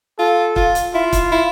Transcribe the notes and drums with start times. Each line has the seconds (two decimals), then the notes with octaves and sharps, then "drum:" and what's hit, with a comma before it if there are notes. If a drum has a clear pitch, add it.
0.19 F4 A4
0.56 F4, drum: kick
0.75 drum: hi-hat
0.94 E4 F4
1.13 drum: kick, hi-hat
1.32 E4